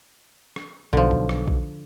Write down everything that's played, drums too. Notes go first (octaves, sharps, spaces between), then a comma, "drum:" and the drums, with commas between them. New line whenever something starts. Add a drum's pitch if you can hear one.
drum: rim click
B1 D3 F3
drum: kick
drum: rim click
drum: kick